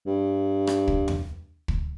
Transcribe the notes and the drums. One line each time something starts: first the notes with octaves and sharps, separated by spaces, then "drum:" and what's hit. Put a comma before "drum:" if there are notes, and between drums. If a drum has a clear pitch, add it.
G2
drum: rim click
drum: kick
drum: tom E2
drum: kick